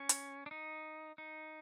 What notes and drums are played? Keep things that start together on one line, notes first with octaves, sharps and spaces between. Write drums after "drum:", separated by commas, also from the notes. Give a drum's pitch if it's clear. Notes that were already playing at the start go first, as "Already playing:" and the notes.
Already playing: C#4
drum: hi-hat
D4
D#4
D#4